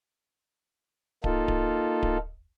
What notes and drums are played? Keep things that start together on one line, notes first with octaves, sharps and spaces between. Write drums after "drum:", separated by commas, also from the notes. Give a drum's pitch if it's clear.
A#3 D#4 F4 A4, drum: kick D1
drum: kick D1
drum: kick D1